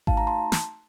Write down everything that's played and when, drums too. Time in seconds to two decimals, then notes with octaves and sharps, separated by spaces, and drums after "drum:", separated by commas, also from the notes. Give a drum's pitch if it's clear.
0.07 A3 D#4 F#4 F5 A5, drum: kick G#1
0.17 A#5
0.27 A5 C6
0.52 drum: snare